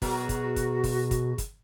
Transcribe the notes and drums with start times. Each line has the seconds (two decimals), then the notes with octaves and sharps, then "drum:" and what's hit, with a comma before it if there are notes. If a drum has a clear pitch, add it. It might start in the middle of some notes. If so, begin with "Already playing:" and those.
0.02 B2 F#3 F#4 G#4 A#4, drum: kick, open hi-hat
0.29 drum: kick, hi-hat
0.56 drum: kick, hi-hat
0.84 drum: kick, open hi-hat
1.11 drum: kick, hi-hat
1.38 drum: kick, hi-hat